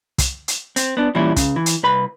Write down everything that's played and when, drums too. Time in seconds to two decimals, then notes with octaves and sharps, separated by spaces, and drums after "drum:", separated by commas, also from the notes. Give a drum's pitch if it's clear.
0.18 drum: kick, hi-hat
0.48 drum: hi-hat
0.76 C4, drum: hi-hat
0.97 B3 D4
1.15 E2 A#2 E3 G3 C#4 E4
1.36 C#2 C#3, drum: kick, hi-hat
1.56 E3
1.66 drum: hi-hat
1.83 C2 B4 B5